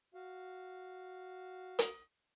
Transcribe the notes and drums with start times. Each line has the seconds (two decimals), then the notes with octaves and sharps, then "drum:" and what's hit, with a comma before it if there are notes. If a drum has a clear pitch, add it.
0.14 F#4 F5
1.79 drum: hi-hat